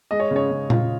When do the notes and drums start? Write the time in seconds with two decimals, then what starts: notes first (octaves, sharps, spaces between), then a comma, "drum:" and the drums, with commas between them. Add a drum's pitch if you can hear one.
0.11 G#3 D#5
0.20 C#5
0.31 C#3 C#5
0.50 C#3
0.70 F4, drum: tom A#2